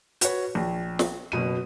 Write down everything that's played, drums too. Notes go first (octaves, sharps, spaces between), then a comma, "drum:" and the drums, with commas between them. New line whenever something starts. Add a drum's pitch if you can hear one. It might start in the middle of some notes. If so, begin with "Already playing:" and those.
F#4 B4 C#5, drum: hi-hat
A#1
drum: snare
F#1 B2 D#7